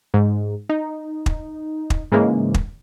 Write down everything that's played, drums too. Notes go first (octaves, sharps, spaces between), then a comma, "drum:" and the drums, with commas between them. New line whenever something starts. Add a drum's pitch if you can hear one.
G#2
D#4
drum: kick
drum: kick
G#2 C#3 E3 G#3 A#3
drum: kick